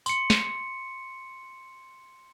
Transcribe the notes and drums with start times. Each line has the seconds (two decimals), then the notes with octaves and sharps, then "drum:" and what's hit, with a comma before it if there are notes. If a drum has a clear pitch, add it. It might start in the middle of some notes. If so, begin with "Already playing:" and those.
0.06 C6 C#7, drum: tambourine
0.30 drum: snare